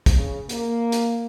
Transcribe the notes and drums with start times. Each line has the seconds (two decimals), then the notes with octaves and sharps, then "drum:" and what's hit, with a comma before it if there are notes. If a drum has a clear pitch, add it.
0.06 drum: kick, hi-hat
0.16 C#3
0.49 A#3, drum: hi-hat
0.92 drum: hi-hat